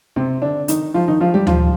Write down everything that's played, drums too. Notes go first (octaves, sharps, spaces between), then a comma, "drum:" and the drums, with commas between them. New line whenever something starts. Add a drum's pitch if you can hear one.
C3 C4
D3 D4
D#3 D#4, drum: hi-hat
F3 F4
D#3 D#4
F3 F4
G3 G4
F3 F4, drum: tom D2